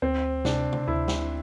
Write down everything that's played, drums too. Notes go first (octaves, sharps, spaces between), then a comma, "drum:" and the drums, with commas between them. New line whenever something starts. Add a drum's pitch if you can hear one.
D2 C4
C3 D4, drum: snare
drum: tom C#3
D2 E4
drum: snare